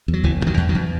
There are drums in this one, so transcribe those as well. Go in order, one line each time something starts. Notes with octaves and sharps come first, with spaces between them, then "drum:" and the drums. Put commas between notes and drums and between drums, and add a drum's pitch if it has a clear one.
E2
F#3
F#1 E3, drum: kick
F#1
D#3 F#3
E2
D#3 F#3
E2